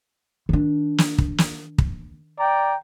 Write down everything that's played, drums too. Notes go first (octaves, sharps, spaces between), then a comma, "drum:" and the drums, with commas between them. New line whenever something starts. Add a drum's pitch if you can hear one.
D#3 D4
drum: snare
drum: kick
drum: snare
drum: kick
D5 G5 A#5